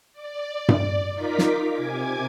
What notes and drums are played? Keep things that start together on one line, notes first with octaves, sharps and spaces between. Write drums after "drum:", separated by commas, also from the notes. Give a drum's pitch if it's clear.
D5
drum: tom G2
D#4 F4 A#4 D6 B6
drum: snare
C3 G#5 D6 G#6